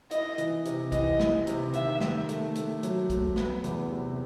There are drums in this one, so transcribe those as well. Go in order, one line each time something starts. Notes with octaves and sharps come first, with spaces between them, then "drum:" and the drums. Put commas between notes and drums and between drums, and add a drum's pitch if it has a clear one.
E4 D#5, drum: hi-hat
E3, drum: hi-hat
C3, drum: hi-hat
E3 D#5, drum: kick, hi-hat
E4, drum: snare
C3, drum: hi-hat
D#3 E5, drum: hi-hat
D#3, drum: snare
A3, drum: hi-hat
A3, drum: hi-hat
F#3, drum: hi-hat
A3, drum: kick, hi-hat
B3, drum: snare
E2, drum: hi-hat
C3